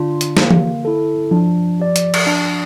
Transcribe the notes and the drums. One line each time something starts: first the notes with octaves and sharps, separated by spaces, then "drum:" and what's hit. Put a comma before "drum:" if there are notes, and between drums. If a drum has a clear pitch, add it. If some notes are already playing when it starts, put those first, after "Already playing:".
Already playing: D3 D4 F4
drum: hi-hat
A#3, drum: snare
drum: tom E3
E4 A4
F3 D4
G4 D5
drum: hi-hat
drum: cymbal
D4